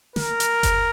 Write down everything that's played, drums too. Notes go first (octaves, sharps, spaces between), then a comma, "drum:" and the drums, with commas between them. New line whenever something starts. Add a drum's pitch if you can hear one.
A#4, drum: snare
drum: hi-hat
drum: kick F#1, hi-hat